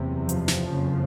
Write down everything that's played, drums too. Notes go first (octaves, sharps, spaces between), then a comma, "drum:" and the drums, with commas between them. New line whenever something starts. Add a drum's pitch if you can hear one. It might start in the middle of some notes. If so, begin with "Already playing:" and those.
Already playing: F#1 E2 C3
F3, drum: hi-hat
drum: snare
F#1 F2 C#3